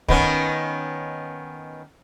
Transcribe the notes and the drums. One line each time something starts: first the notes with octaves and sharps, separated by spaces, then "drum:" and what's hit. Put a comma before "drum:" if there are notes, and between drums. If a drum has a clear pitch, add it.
D#3 B3 C#4, drum: kick